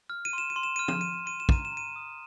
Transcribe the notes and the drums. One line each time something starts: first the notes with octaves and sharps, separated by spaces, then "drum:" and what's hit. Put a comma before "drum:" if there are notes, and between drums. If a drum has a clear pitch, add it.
F6
D#7
C6 E7
D#7
C6
E7
F6 D#7
E7, drum: tom
F6 D#7
E7
C6 D#7
E7
A#5 D#7, drum: kick
E7
A#5 D#7
D#6